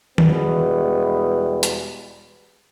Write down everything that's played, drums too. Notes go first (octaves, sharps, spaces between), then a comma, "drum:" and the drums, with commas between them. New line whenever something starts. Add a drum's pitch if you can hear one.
E2 B2 G3 G#3 B3, drum: tom D#3
drum: hi-hat